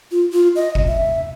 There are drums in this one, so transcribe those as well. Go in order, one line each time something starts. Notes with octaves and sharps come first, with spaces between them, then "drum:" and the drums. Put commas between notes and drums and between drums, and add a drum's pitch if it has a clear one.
F4
F4
D#5
drum: kick F#1
E5